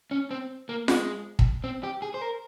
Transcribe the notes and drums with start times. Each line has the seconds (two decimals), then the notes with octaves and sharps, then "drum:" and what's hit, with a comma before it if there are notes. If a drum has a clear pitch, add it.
0.11 C#4
0.31 C4
0.69 A#3
0.88 G#3, drum: snare F4
1.39 drum: kick
1.64 C4
1.84 G4
2.02 G#4
2.14 C5
2.22 A#4